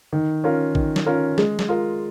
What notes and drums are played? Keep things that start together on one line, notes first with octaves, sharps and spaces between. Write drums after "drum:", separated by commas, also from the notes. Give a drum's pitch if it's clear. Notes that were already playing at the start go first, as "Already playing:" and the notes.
D#3
C#4 F4 A#4
D#3, drum: kick
drum: snare
C#4 F4 A#4
G#3, drum: snare
drum: snare
F4 A#4